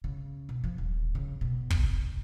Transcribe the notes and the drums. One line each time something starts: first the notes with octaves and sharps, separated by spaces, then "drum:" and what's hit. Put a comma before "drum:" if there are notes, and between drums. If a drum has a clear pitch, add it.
C#3
B2
F3
D#1
C#3
B2
F1, drum: kick